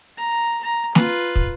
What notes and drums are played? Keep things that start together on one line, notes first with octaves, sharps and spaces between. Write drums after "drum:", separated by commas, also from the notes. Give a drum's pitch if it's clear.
A#5
A#5
F4 B4, drum: snare
drum: kick